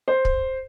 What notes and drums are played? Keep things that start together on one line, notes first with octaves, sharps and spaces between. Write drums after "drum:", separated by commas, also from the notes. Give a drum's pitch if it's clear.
C5
drum: kick